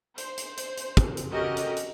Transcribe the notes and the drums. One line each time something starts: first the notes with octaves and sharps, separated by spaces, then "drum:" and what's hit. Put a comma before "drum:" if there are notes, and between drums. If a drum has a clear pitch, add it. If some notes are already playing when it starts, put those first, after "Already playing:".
C5, drum: hi-hat
drum: hi-hat
drum: hi-hat
drum: hi-hat
drum: kick, hi-hat
drum: hi-hat
C#4 F#4 G4 A4 A#4 D#5
drum: hi-hat
drum: hi-hat